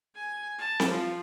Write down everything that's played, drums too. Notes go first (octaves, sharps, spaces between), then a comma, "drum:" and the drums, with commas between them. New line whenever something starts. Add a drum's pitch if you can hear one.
G#5
A5
drum: snare C4
F3